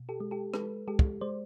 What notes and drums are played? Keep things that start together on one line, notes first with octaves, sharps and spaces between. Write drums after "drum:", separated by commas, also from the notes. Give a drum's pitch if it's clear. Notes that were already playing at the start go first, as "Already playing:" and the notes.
Already playing: B2
G4 A4
G#3
G4 A4
G#3 A4 B4, drum: rim click
G#3 G4 A4
drum: kick
G#3 C5 D5